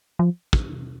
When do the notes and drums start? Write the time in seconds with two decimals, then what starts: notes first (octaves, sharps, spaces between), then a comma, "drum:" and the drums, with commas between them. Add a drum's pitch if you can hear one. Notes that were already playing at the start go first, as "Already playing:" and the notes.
0.19 F3
0.53 drum: kick